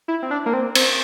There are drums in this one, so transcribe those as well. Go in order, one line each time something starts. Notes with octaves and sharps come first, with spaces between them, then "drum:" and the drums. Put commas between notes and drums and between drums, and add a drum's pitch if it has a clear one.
E4
C4
D4
A#3
C4
C4, drum: cymbal